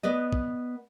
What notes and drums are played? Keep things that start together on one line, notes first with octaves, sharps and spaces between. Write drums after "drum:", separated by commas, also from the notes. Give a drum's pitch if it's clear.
B3 B4 D5 D#5
drum: kick